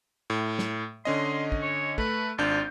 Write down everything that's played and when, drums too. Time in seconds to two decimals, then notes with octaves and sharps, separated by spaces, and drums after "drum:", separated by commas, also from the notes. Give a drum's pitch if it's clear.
0.30 A2
0.59 drum: snare
1.05 D3 C#4 D#5 C6
1.52 drum: kick
1.62 C#5
1.98 A3 B4, drum: kick
2.38 G#1 D4 F4 G6